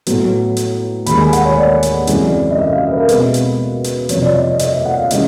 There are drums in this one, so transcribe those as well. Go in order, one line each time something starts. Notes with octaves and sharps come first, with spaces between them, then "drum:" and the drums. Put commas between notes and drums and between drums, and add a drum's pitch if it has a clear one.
A2 F#3 B3, drum: hi-hat
drum: hi-hat
D#2 D#3 G#3 B5, drum: hi-hat
G#5
F#5, drum: hi-hat
C#5
D5
drum: hi-hat
F#2 C#3 E3 G#3 C4, drum: hi-hat
D#5
E5
F5
E5
B4
A#4
B2 G#3 C4 B4, drum: hi-hat
drum: hi-hat
drum: hi-hat
F2 C3 F3 C#5, drum: hi-hat
D5
D#5
D5
D#5, drum: hi-hat
E5
F#5
F5
C#3 E3 G#3 D#5, drum: hi-hat